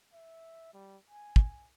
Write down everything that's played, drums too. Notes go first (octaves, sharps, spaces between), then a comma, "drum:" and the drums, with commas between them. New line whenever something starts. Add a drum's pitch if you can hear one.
E5
G3
G#5
drum: kick